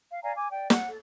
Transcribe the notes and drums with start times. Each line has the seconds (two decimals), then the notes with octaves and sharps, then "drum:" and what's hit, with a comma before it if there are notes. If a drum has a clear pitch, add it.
0.10 F5
0.23 D5 F5 G#5 A#5
0.36 G#5 D6
0.50 D5 G5
0.70 F#5, drum: snare
0.88 A4